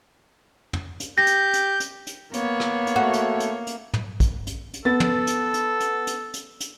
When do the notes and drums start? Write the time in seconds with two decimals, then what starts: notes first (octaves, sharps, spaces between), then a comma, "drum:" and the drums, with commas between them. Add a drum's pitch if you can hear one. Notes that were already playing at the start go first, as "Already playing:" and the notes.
0.73 drum: tom
1.00 drum: hi-hat
1.18 G4 G6 A#6
1.27 drum: hi-hat
1.53 drum: hi-hat
1.80 drum: hi-hat
2.07 drum: hi-hat
2.33 A#3 B3 C#5, drum: hi-hat
2.60 drum: rim click
2.87 drum: hi-hat
2.96 A3 F#4
3.13 drum: hi-hat
3.40 drum: hi-hat
3.67 drum: hi-hat
3.94 drum: tom
4.20 drum: kick, hi-hat
4.47 drum: hi-hat
4.74 drum: hi-hat
4.85 B3 A4 A6
5.00 drum: tom
5.27 drum: hi-hat
5.54 drum: hi-hat
5.80 drum: hi-hat
6.07 drum: hi-hat
6.34 drum: hi-hat
6.60 drum: hi-hat